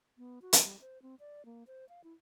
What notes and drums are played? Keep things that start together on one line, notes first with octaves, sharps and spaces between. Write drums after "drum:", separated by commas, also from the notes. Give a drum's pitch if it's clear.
B3
F#4
drum: hi-hat
G3
C5
C4
D5
A#3
C5
F5
E4